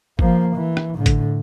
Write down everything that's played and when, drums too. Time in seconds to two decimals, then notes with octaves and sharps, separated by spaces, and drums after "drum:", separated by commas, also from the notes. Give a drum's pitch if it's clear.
0.19 F3 A#3, drum: kick G1
0.56 E3
0.77 drum: rim click
0.95 A2 D3
1.06 drum: kick G1, hi-hat